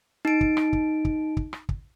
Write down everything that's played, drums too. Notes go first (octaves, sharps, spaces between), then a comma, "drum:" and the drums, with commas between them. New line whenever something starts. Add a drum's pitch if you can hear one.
D#4 D7
drum: kick
drum: rim click
drum: kick
drum: kick
drum: kick
drum: rim click
drum: kick